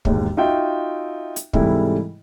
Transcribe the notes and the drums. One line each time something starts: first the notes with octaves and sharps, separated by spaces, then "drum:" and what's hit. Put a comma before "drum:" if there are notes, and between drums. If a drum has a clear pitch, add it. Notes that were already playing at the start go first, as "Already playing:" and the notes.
E1 D#2 G#2, drum: kick
D#4 F4 F#4 E5 G5
drum: hi-hat
G#2 C3 E3 G3 A3 E4, drum: kick